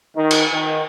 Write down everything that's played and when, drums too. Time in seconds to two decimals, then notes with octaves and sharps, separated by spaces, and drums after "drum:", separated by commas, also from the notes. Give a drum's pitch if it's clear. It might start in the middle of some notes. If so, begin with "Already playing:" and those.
0.16 D#3
0.31 drum: cymbal
0.53 D#3